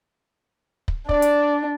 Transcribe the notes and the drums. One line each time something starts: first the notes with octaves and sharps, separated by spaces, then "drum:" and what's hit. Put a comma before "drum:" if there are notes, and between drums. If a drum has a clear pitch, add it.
drum: kick
D4 D5, drum: kick
drum: hi-hat